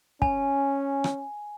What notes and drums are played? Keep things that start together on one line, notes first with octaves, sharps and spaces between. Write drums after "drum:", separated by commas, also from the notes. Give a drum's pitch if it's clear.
C#4 G#5, drum: kick
drum: rim click